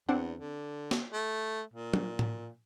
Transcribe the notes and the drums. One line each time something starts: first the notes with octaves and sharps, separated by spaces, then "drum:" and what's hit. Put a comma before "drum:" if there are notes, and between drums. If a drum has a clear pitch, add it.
E2 C4 D4 F#5
D3
drum: snare
A3
A#2
drum: tom
drum: tom A2